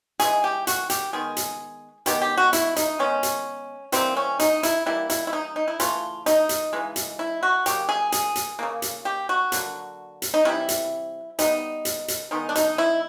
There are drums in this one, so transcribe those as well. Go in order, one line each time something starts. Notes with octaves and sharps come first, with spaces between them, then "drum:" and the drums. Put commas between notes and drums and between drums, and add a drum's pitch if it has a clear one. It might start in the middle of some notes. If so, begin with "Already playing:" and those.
C#3 E3 G#3 G#4, drum: hi-hat
G4
F#4, drum: hi-hat
G4, drum: hi-hat
D#3 G#3 B3 G#4
drum: hi-hat
D#3 G#3 B3 G4, drum: hi-hat
G4
F#4
E4, drum: hi-hat
D#4, drum: hi-hat
D#3 G#3 B3 C#4
drum: hi-hat
E3 G3 A#3 C4, drum: hi-hat
C#4
D#4, drum: hi-hat
E4, drum: hi-hat
E3 G3 A#3 E4
E4, drum: hi-hat
E4
D#4
D#4
E4
C#3 E3 A3 F4, drum: hi-hat
D#4, drum: hi-hat
drum: hi-hat
C#3 E3 G#3
drum: hi-hat
E4
F#4
C#3 F#3 A#3 G4, drum: hi-hat
G#4
G#4, drum: hi-hat
drum: hi-hat
C#3 F3 A#3
drum: hi-hat
G4
F#4
D3 F#3 A#3, drum: hi-hat
drum: hi-hat
D#4
C3 E3 G3 E4
drum: hi-hat
E3 G3 B3 D#4, drum: hi-hat
drum: hi-hat
drum: hi-hat
D#3 G#3 B3 D#4
D4
D#4, drum: hi-hat
E4